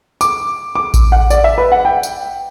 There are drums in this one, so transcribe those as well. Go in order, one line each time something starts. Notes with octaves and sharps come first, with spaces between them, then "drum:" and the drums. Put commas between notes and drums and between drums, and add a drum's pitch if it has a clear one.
D6, drum: tambourine
D6
drum: kick A1, tambourine
F#5
D5, drum: tambourine
E5
B4
F#5
G5
drum: tambourine